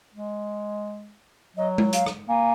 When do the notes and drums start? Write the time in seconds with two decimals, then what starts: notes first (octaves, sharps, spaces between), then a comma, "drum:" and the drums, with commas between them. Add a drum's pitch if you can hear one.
0.14 G#3
1.57 F#3 D#5
1.78 drum: tom G#3
1.93 F5, drum: hi-hat
2.06 drum: rim click
2.28 A#3 G#5